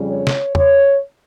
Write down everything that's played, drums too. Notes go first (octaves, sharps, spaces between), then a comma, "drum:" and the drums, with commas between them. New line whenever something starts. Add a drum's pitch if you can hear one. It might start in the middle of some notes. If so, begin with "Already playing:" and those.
Already playing: F2 C#3 G3
C#5
drum: snare
C#5, drum: tom E2